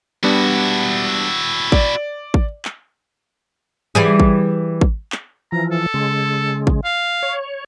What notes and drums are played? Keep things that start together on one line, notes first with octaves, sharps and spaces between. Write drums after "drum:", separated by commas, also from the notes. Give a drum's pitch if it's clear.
G3 B3 D4 E4 F#4
D5, drum: kick
drum: kick
drum: clap
E3 G3 G#4
drum: kick
drum: kick
drum: clap
E3 F3 A#5
A4
C#3 G#3
drum: kick
F5
C#5